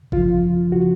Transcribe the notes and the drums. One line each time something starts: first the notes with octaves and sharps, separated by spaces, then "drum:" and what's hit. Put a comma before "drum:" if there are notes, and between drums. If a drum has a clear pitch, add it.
F#2 C#3 F3 F4, drum: kick G#1
C#3 F3 F#4